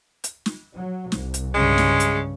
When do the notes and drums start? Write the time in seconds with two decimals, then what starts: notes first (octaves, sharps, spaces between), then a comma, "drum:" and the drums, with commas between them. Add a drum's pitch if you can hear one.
0.24 drum: hi-hat
0.46 drum: snare
0.75 F#3
1.12 C2, drum: snare
1.34 drum: hi-hat
1.55 G2 C#3 G#3
1.78 drum: snare
2.00 drum: hi-hat